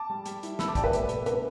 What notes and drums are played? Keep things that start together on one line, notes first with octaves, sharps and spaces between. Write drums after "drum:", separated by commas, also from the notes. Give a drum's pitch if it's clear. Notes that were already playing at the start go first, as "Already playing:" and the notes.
Already playing: A5 D6
G3
G3, drum: hi-hat
E4, drum: hi-hat
B3 B5 E6, drum: snare
A5 D6
G3 D5 G5, drum: kick, hi-hat
B4 E5
A3, drum: hi-hat
B2, drum: hi-hat
D4 B4, drum: hi-hat